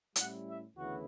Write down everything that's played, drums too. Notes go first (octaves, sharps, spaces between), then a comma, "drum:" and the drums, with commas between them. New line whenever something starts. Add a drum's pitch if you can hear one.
A2 G3 C#4 E4 F#5, drum: hi-hat
E5
D2 C#3 E3 B3 E4 F#4